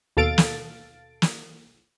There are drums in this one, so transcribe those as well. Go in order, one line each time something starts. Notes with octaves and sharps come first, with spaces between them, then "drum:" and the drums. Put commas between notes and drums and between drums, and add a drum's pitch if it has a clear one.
D#2 B2 A4 F5 A6 D7
drum: snare
drum: snare